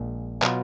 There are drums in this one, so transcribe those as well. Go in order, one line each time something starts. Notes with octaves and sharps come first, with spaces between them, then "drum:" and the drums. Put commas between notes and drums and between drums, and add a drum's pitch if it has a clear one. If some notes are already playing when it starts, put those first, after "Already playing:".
Already playing: A#1 A#2 G#3
B2 F#3 B3 F4, drum: clap